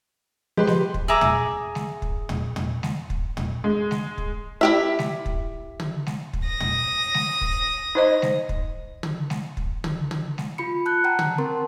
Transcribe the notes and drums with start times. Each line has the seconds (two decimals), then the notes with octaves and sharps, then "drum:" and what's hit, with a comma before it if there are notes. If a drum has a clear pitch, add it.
0.57 F3 G#3 G4 B4 C6
0.67 drum: snare G#3
0.94 drum: kick
1.08 G#4 E5 A#5 D6
1.21 drum: tom
1.75 drum: snare G#3
2.02 drum: kick
2.29 drum: tom
2.56 drum: tom
2.83 drum: snare G#3
3.10 drum: kick
3.37 drum: tom
3.64 G#3
3.91 drum: snare G#3
4.18 drum: kick
4.61 E4 G4 E5
4.99 drum: snare G#3
5.26 drum: kick
5.80 drum: tom
6.07 drum: snare G#3
6.33 drum: kick
6.46 D#6 A#6
6.60 drum: tom
7.14 drum: snare G#3
7.41 drum: kick
7.95 D#4 C5 D#5
8.22 drum: snare G#3
8.49 drum: kick
9.03 drum: tom
9.30 drum: snare G#3
9.57 drum: kick
9.84 drum: tom
10.11 drum: tom
10.38 drum: snare G#3
10.58 F4 B5 C#7
10.86 A5 F#6 G6
11.04 F#5 G5 A5 A#5
11.19 drum: tom
11.38 C4 A#4 A5 C6